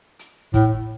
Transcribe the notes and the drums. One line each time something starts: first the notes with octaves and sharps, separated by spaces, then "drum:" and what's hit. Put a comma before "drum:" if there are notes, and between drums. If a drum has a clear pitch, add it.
drum: hi-hat
A2, drum: kick, hi-hat